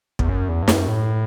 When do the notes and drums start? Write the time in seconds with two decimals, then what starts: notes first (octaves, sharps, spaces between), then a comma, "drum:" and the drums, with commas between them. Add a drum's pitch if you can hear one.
0.19 E2, drum: kick
0.29 F#2
0.48 E2
0.63 G2
0.68 F#2, drum: snare
0.88 A2